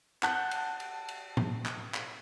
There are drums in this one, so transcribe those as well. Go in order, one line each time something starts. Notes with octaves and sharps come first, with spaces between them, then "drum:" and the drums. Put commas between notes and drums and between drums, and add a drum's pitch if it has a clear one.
F#5 A5 F#6 G6, drum: clap
drum: cymbal
drum: cymbal
drum: cymbal
drum: tom A2
drum: clap
drum: clap